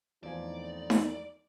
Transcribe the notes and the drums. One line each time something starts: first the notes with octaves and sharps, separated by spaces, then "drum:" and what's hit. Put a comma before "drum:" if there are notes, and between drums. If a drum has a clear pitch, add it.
E2 A2 F3 C4 D#4 D5 G#5
drum: snare D#4